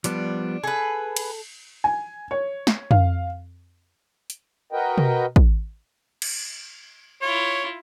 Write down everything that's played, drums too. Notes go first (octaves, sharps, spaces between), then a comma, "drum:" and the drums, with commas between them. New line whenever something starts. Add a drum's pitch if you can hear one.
F3 G3 B3 D4, drum: hi-hat
G#4 A4 B4
drum: cymbal
G#5
C#5
drum: snare
F5, drum: tom
drum: hi-hat
F#4 A#4 B4 D#5 G5
drum: tom
drum: kick
drum: cymbal
E4 F4 C#5